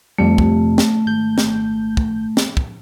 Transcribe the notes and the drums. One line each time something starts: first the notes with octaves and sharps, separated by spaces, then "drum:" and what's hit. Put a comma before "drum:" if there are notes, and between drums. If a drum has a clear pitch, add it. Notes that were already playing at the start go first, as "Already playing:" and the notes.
F2 C3 G3 A3
drum: kick
drum: snare
G#1 G6
drum: snare
drum: kick
drum: snare
drum: kick